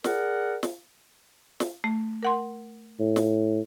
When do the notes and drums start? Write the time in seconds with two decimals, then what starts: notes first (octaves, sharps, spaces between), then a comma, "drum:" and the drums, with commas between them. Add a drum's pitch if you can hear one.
0.04 G#4 A#4 D5 F#5, drum: snare
0.63 drum: snare
1.60 drum: snare
1.84 A3
2.23 A#4 F#5 C6
3.00 A2
3.16 drum: snare